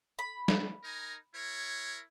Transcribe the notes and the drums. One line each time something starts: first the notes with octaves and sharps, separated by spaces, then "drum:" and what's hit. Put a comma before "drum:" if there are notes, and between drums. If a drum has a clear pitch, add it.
B5
drum: snare
D#4 A#4 G#5
E4 A#4 C#5